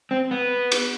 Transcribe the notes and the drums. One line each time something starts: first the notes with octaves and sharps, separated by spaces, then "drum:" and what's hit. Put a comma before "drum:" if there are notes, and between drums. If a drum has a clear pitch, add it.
C4
B3
drum: cymbal